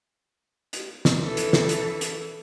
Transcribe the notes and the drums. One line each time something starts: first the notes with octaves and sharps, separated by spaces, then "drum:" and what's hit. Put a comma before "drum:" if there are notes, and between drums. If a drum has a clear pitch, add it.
drum: hi-hat
drum: snare
E3 A4
drum: hi-hat
drum: snare
drum: hi-hat
drum: hi-hat